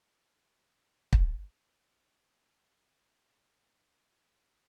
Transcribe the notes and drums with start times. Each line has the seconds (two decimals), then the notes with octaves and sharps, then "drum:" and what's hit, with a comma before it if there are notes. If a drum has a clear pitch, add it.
0.23 D#3 A#3
1.13 drum: kick
3.00 G3 F#5 C#6
3.40 B5 C6 G#6 C7
3.79 F#4 A4
4.06 G#4 E5 C6 B6
4.46 A#2 A#5 C#6 A6